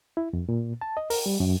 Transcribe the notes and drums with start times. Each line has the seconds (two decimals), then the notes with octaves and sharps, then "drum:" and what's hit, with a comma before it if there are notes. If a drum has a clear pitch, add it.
0.17 E4
0.33 F2
0.49 A#2
0.81 A5
0.97 D#5
1.10 A#4, drum: open hi-hat
1.26 G3
1.40 F#2